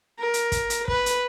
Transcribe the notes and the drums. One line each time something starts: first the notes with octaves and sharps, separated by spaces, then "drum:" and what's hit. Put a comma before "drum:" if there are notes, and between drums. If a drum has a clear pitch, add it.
A#4
drum: hi-hat
drum: kick, hi-hat
drum: hi-hat
B4, drum: kick
drum: hi-hat